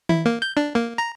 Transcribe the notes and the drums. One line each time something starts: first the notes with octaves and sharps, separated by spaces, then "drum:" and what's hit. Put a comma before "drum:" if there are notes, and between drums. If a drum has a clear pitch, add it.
E4, drum: tom D#3
A#3
G6
D4
A#3
A#5